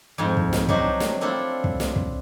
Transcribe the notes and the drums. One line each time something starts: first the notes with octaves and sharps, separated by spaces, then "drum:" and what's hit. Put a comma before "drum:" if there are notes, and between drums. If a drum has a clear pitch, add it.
F2 G#2
drum: kick
drum: snare
F#3 D4 D#4 G4 C5, drum: kick
drum: snare
C4 D4 E4 F4 A4
drum: kick
drum: snare
drum: kick